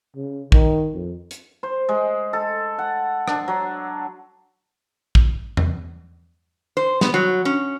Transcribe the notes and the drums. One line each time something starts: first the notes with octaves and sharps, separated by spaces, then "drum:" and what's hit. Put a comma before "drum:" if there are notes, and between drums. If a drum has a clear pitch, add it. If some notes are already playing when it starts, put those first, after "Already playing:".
C#3
D#3, drum: kick
F2
drum: hi-hat
C5
G#3
A4
F#5
D4, drum: rim click
F#3
drum: kick
drum: tom E2
C5
B3, drum: snare
F#3
C#4